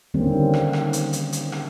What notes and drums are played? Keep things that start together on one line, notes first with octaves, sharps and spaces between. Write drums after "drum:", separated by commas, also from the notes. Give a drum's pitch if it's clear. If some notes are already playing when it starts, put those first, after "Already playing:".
D3 D#3 G3 A#3 C4 C#4
drum: rim click
drum: rim click
drum: hi-hat
drum: hi-hat
drum: hi-hat
drum: rim click